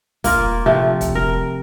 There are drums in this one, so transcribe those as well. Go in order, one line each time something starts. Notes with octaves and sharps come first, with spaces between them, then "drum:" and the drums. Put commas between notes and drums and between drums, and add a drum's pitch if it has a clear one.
A#3 F4 A#4, drum: kick, open hi-hat
C3 F3 A3
drum: kick, hi-hat
A#4